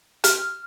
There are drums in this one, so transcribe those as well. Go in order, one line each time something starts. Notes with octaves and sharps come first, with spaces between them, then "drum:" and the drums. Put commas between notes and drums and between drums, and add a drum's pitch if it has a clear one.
F6, drum: hi-hat